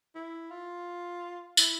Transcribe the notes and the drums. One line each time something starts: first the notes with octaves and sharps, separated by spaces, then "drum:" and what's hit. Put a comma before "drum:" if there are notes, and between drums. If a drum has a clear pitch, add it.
E4
F4
E4, drum: tambourine